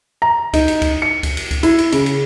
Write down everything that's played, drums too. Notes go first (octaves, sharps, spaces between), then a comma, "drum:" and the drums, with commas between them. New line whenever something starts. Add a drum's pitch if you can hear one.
A#5
D#4, drum: kick C#2, cymbal
drum: cymbal
drum: kick C#2, cymbal
C#7
drum: kick C#2, cymbal
drum: cymbal
drum: kick C#2, cymbal
E4, drum: cymbal
drum: cymbal
C#3, drum: cymbal
drum: cymbal